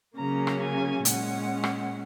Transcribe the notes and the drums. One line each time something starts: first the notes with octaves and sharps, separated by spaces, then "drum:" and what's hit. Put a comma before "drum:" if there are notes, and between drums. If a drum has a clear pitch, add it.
C#3 F#3 A#3 C#4 A#5
drum: rim click
G#5
A#2 G#3 C#4 F#5, drum: hi-hat
drum: rim click